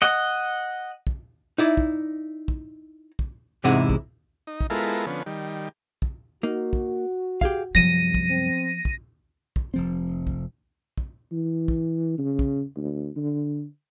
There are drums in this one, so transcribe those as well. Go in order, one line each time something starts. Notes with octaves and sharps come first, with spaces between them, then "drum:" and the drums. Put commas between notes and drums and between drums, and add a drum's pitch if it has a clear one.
D#5 F#5
drum: kick
D#4 E4 D5
drum: kick
drum: kick
drum: kick
E2 G#2 C3 D#4 E4 F#5
drum: kick
D#4
drum: kick
G#3 B3 E4 F4 A4 A#4
D3 F3 B3 C#4
D#3 G3
drum: kick
A#3 D#4 F#4
drum: kick
G4 G#4 F5, drum: kick
C2 F#2 F3 B3 A#6 D#7
drum: kick
C4
drum: kick
drum: kick
F1 F3 C4
drum: kick
drum: kick
E3
drum: kick
C#3
drum: kick
D2
D3